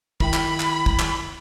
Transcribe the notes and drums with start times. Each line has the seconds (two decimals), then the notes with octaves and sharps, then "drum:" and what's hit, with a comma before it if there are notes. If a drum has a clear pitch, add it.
0.20 D#3 E4 G5 B5, drum: kick
0.34 drum: clap
0.60 drum: clap
0.86 drum: kick
0.99 drum: clap